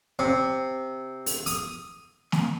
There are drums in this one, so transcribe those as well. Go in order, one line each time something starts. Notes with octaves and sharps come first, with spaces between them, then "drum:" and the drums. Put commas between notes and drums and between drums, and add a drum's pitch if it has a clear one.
C3
drum: open hi-hat
D#6, drum: open hi-hat
drum: snare